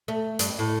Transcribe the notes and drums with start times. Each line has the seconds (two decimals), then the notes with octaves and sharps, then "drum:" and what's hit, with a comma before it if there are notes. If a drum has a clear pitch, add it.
0.08 A3
0.39 G2, drum: hi-hat
0.59 A2